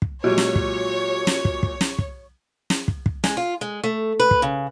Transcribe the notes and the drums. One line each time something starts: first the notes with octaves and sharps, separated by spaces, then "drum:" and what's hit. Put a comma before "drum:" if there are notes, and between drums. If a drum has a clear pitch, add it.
drum: kick
A#2 F#3 G#3 F#4 G4 C#5 G#6
drum: snare
drum: kick
drum: snare
drum: kick
drum: kick
drum: snare
drum: kick
drum: snare
drum: kick
drum: kick
G#3, drum: snare
F4
G#3
A3
B4
drum: kick
C#3